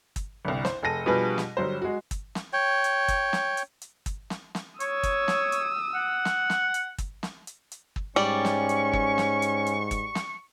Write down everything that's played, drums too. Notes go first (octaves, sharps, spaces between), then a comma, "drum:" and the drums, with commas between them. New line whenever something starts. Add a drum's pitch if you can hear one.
drum: kick, hi-hat
G1 C2
C5, drum: snare
F1 G#4 A4 A#6 D#7
B2 F3 G3 D4 G#4 B4
drum: snare
G1 F#3 G3 C5
G#3 F#4
drum: kick, hi-hat
drum: snare
C#5 G5
drum: hi-hat
drum: kick, hi-hat
drum: snare
drum: hi-hat
drum: hi-hat
drum: kick, hi-hat
drum: snare
drum: snare
C#5 D#6 E6, drum: hi-hat
drum: kick, hi-hat
drum: snare
drum: hi-hat
F#5
drum: snare
drum: snare
drum: hi-hat
drum: kick, hi-hat
drum: snare
drum: hi-hat
drum: hi-hat
drum: kick
G#2 G3 C#4 D5 C#6
drum: snare
drum: hi-hat
drum: kick
drum: snare
drum: hi-hat
drum: hi-hat
drum: kick, hi-hat
drum: snare